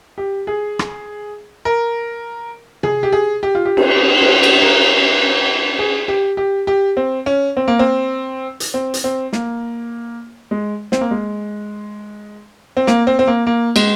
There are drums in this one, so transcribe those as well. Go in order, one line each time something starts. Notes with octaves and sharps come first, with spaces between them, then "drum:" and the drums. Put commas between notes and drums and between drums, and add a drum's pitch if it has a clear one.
G4
G#4
drum: rim click
A#4
G#4, drum: tom C3
G4
G#4
G4
F4
G4
drum: cymbal
drum: cymbal
drum: cymbal
A#4
G#4
G4
G4
G4
C4
C#4
C4
A#3
C4
drum: hi-hat
C4
drum: hi-hat
C4
A#3, drum: snare
G#3
C4, drum: snare
A#3
G#3
C4
A#3, drum: snare
C4
C4
A#3
A#3
G#3, drum: cymbal